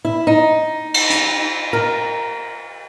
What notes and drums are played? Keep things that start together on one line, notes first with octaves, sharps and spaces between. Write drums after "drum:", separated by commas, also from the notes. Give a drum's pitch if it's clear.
E4
D#4
drum: cymbal
drum: hi-hat
A#4